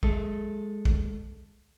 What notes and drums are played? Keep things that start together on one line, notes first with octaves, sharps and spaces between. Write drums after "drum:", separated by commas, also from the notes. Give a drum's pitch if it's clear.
G#3 A4, drum: kick
drum: kick